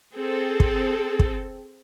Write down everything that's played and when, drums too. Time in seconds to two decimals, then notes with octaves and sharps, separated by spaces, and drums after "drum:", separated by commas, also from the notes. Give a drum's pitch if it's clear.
0.15 C4 G#4 A4
0.60 drum: kick
1.19 drum: kick